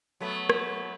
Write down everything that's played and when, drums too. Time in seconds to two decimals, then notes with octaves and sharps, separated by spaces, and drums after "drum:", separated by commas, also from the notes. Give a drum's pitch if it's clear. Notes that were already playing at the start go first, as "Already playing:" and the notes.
0.20 F#3 A3 B3
0.50 drum: rim click